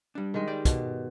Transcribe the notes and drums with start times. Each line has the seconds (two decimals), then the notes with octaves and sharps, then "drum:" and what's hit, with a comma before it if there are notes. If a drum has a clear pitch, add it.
0.15 G3 D4
0.34 D#3 G#3
0.48 G4 D5
0.65 B2, drum: kick, hi-hat